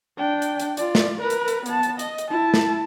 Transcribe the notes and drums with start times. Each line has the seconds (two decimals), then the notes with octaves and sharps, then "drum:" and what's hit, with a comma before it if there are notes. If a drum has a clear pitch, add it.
0.17 D4 G5
0.42 drum: hi-hat
0.60 drum: hi-hat
0.77 F4 D5, drum: hi-hat
0.95 drum: snare
1.21 A#4 B4
1.30 drum: hi-hat
1.48 drum: hi-hat
1.66 B3 A5, drum: hi-hat
1.83 drum: hi-hat
1.99 D#5, drum: hi-hat
2.18 drum: hi-hat
2.30 E4 A5
2.54 drum: snare